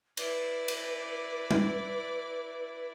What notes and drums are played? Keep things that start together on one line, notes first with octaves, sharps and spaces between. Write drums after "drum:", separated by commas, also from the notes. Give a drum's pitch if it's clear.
E4 B4 D5, drum: cymbal
drum: cymbal
drum: tom G3